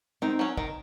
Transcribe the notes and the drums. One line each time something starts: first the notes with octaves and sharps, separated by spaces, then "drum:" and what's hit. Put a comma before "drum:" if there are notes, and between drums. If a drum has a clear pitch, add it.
D#3 C4 D#4
F#3 C#4
D#3, drum: kick